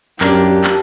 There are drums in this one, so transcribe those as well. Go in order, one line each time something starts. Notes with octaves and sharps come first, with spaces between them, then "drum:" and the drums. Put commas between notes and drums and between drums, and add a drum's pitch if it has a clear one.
F#2 A#3 D4 G4, drum: clap
drum: clap